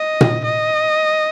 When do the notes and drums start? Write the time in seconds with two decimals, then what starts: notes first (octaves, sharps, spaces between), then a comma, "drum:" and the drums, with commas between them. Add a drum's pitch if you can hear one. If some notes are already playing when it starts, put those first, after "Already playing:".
Already playing: D#5
0.21 drum: tom A#2
0.44 D#5